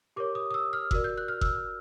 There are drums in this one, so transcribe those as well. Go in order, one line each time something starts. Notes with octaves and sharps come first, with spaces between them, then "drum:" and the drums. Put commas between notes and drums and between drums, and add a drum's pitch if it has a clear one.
G4 A#4 C#5 D6
D#6
D#6
E6
F6
F#4 A#4 D5 E6, drum: kick F#1
G6
F#6
F6
E6, drum: kick F#1